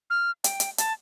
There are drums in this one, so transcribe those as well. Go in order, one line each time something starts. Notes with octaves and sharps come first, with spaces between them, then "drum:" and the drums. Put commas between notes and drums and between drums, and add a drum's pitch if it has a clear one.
F6
G5, drum: hi-hat
drum: hi-hat
A5, drum: hi-hat